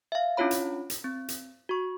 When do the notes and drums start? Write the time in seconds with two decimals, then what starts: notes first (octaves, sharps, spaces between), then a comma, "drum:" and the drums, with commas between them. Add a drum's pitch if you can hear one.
0.12 E5 F5
0.37 C#4 D4 E4 F4 C#5 B5
0.51 drum: hi-hat
0.90 drum: hi-hat
1.04 C4
1.28 drum: hi-hat
1.69 F#4 C#6